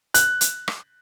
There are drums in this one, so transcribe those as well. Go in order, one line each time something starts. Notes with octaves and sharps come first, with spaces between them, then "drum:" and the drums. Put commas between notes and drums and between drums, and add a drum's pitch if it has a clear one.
F#6, drum: hi-hat
drum: hi-hat
drum: rim click